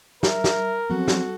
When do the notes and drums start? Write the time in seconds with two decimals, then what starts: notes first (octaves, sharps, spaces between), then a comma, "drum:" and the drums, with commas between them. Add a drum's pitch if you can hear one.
0.23 A#4 E5, drum: snare
0.44 drum: snare
0.90 F3 F#3 B3 C4 F#4 A4
1.08 drum: snare